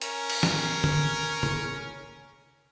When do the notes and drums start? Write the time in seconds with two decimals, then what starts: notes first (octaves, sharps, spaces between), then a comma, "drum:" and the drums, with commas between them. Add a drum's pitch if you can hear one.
0.02 C#4 A#4, drum: hi-hat
0.30 drum: cymbal
0.43 drum: snare
0.84 drum: tom D3
1.43 drum: tom C3